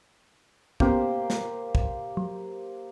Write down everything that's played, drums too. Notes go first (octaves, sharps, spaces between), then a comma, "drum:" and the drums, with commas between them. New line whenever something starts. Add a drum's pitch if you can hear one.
A#3 B3 C#4 G4 C5, drum: kick
drum: snare
drum: kick
F#3